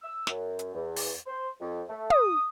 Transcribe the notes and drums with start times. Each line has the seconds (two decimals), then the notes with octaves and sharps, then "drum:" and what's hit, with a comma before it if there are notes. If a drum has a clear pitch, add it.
0.02 E6
0.27 F#2, drum: snare
0.59 drum: hi-hat
0.73 E2
0.96 drum: open hi-hat
1.27 C5
1.60 F2
1.89 A3
2.10 D#6, drum: tom